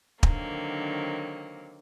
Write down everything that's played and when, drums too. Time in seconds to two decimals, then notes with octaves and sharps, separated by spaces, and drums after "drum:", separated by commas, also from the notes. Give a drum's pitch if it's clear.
0.23 D3 D#3 F#3 A#3 C4, drum: kick